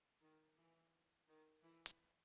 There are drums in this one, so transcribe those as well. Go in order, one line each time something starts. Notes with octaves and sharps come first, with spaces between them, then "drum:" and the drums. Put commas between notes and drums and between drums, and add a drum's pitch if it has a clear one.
D#3
E3
D#3
E3
drum: hi-hat